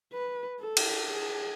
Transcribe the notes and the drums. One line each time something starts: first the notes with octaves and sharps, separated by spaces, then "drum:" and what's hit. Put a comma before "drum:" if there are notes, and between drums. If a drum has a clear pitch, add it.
B4
A4
drum: cymbal
G#4